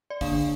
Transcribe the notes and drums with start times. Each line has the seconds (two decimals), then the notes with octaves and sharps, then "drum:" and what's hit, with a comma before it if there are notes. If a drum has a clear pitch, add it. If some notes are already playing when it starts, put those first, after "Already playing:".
0.10 D5
0.21 D3 A#3 D4 F5, drum: kick, open hi-hat